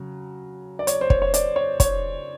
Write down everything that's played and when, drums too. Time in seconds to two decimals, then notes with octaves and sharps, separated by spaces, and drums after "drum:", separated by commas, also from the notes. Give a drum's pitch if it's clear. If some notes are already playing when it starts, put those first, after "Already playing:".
Already playing: C#3 F#3
0.79 D5
0.87 C#5, drum: hi-hat
1.01 C5
1.10 C#5, drum: kick
1.22 C#5
1.34 D5, drum: hi-hat
1.56 C#5
1.80 C#5, drum: kick, hi-hat